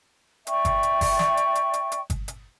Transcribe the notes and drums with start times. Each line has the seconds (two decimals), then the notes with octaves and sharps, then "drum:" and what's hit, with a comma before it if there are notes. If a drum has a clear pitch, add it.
0.47 D5 E5 G5 C#6, drum: hi-hat
0.65 drum: kick G1, hi-hat
0.83 drum: hi-hat
1.01 drum: kick G1, open hi-hat
1.19 drum: snare
1.37 drum: hi-hat
1.55 drum: hi-hat
1.73 drum: hi-hat
1.92 drum: hi-hat
2.10 drum: kick G1, hi-hat
2.28 drum: hi-hat